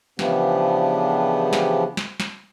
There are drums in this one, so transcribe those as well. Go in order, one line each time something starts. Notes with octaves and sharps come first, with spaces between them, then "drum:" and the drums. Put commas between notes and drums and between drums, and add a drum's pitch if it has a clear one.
C#3 E3 F3 B3 D4 G4, drum: snare
drum: snare
drum: snare
drum: snare